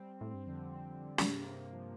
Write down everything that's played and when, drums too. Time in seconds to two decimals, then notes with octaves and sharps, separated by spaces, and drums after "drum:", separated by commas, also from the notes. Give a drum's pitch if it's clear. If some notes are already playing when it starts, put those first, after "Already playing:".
Already playing: G3 C4
0.13 C4
0.21 A2
0.30 G2 C4
0.47 F2 D3
0.65 C4
0.84 D3
1.00 D3
1.18 G2 C3, drum: snare
1.36 A#3
1.54 C3
1.72 F3